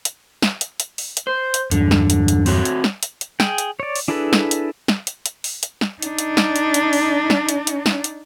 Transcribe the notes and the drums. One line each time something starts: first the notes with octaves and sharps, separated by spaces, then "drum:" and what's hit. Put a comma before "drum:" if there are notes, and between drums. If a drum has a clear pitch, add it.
drum: hi-hat
drum: snare
drum: hi-hat
drum: hi-hat
drum: open hi-hat
drum: hi-hat
C5
drum: hi-hat
E2 G2 D3, drum: hi-hat
drum: snare
drum: hi-hat
drum: hi-hat
C4 F#4 C#5, drum: open hi-hat
drum: hi-hat
drum: snare
drum: hi-hat
drum: hi-hat
G#4 G5, drum: snare
drum: hi-hat
C#5 D5
drum: open hi-hat
D4 E4 G#4 A4 B4
drum: snare
drum: hi-hat
drum: snare
drum: hi-hat
drum: hi-hat
drum: open hi-hat
drum: hi-hat
drum: snare
D4 D#4, drum: hi-hat
drum: hi-hat
drum: snare
drum: hi-hat
drum: hi-hat
drum: open hi-hat
drum: snare
drum: hi-hat
drum: hi-hat
drum: snare
drum: hi-hat